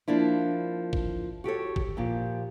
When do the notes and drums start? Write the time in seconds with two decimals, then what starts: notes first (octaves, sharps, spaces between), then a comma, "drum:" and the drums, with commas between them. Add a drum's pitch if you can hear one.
0.08 F3 A#3 D4 E4
0.93 drum: kick
1.44 F#4 G4 A4 C#5
1.76 drum: kick
1.97 A#2 F3 G4